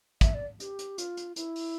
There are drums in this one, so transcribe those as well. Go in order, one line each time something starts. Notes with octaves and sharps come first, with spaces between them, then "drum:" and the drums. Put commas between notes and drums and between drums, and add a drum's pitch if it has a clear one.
E5, drum: kick, hi-hat
D5
G4, drum: hi-hat
drum: hi-hat
F4, drum: hi-hat
drum: hi-hat
E4, drum: hi-hat
drum: open hi-hat